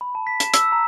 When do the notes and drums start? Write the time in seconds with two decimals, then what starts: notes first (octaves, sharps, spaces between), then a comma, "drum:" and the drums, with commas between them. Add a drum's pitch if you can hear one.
0.01 B5
0.15 A5
0.27 B6
0.40 E7, drum: hi-hat
0.54 E6, drum: hi-hat
0.72 A#5